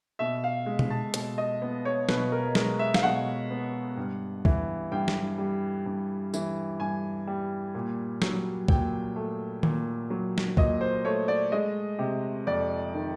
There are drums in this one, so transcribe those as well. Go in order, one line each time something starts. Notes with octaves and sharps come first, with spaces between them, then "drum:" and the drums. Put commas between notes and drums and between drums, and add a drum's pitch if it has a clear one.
B2 E5
F5
G#3
drum: tom B2
A5
B2, drum: hi-hat
D#5
B3
C#5
B2 B4, drum: snare
A#4
G#3 A#4, drum: snare
E5
F5, drum: snare
B2 F#5
B3
G2
E3, drum: kick
G2 G5
drum: snare
G3
G2
E3, drum: tambourine
G2 G#5
G3
A#2
F#3, drum: snare
A#2 G5, drum: kick
A3
A#2, drum: tom D#3
F#3
drum: snare
A#2 D#5, drum: kick
C5
A3 C#5
D5
G#3 D#5
C3
F2 D5
D#3